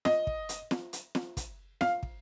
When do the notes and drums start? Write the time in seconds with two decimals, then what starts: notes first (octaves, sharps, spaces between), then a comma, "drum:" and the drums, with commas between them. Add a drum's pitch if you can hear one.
0.05 D#5, drum: snare
0.27 drum: kick
0.49 drum: hi-hat
0.71 drum: snare
0.93 drum: hi-hat
1.15 drum: snare
1.37 drum: kick, hi-hat
1.81 F5, drum: snare
2.03 drum: kick